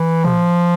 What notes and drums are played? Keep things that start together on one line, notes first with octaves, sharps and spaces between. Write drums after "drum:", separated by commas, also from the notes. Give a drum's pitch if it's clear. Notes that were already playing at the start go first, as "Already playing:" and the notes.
Already playing: E3
F3, drum: tom